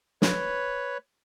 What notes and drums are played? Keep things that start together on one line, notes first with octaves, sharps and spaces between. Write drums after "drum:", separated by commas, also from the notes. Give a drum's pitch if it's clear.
B4 C#5, drum: snare